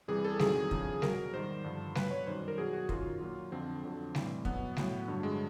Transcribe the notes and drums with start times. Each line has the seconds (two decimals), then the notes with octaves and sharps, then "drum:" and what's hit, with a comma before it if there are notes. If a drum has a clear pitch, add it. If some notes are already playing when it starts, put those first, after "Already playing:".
0.08 E2 C3 E3 G3 G#4
0.25 A4
0.39 E2 C3 D#3 F#3 G#4, drum: snare G3
0.71 E2 C#3 F3, drum: kick
1.02 B2 F#3 A#4, drum: snare G3
1.33 G#2 D#3 G3 C5
1.64 G2 D3 F3
1.95 B2 F#3 B4, drum: snare G3
2.11 C#5
2.27 F#2 D#3 G3 C5
2.48 A#4
2.58 B2 F#3 G#4
2.73 F#4
2.89 F#2 D#3 F#3 F4, drum: kick
3.21 A#2 F#3
3.52 F2 D3 F3 C4
3.83 F2 D3 F#3
4.15 A2 E3 G3, drum: snare G3
4.45 B2 F#3 B3, drum: kick
4.77 A2 F#3, drum: snare G3
5.08 G2 D3 F#3
5.23 G#3